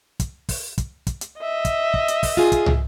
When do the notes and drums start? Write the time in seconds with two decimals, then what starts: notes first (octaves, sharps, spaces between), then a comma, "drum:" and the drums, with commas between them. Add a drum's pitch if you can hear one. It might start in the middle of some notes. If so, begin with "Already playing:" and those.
0.20 drum: kick, hi-hat
0.49 drum: kick, open hi-hat
0.78 drum: kick, hi-hat
1.07 drum: kick, hi-hat
1.21 drum: hi-hat
1.40 D#5 E5
1.65 drum: kick, hi-hat
1.94 drum: kick
2.08 drum: hi-hat
2.23 drum: kick, open hi-hat
2.37 F4 G#4
2.52 drum: kick, hi-hat
2.66 drum: tom